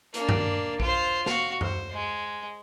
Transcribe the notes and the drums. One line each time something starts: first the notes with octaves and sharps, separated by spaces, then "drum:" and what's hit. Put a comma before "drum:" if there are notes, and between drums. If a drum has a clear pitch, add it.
A#3 D4, drum: hi-hat
drum: tom G2
F4 C5, drum: kick A#1
F#4 F5, drum: snare
C5, drum: tom F#2
G#3